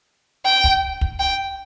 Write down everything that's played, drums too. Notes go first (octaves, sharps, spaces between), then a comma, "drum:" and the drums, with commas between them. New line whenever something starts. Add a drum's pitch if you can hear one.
G5
drum: kick
drum: kick
G5